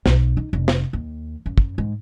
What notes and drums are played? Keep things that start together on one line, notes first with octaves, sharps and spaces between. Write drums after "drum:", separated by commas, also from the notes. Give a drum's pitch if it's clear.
B1, drum: snare
D#4
F1
drum: snare
D#2
F#2
drum: kick
G#2